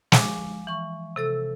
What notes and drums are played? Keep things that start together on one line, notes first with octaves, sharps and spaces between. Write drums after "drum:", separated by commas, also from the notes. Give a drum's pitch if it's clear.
F3 G#3 D6, drum: snare
E3 C#6
C3 A4 E6